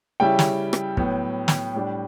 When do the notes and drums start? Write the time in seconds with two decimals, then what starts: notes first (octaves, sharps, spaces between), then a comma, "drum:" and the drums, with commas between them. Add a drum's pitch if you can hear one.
0.20 C#3 G3 C#4 E4 G5
0.39 drum: snare
0.73 drum: rim click
0.97 A2 F#3 B3, drum: kick
1.48 drum: snare
1.74 A2 G3 D4